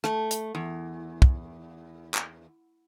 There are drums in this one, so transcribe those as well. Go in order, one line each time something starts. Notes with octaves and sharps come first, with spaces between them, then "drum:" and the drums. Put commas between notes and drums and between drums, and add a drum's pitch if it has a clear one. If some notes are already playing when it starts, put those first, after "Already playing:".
A3, drum: rim click
drum: hi-hat
E2
drum: kick
drum: clap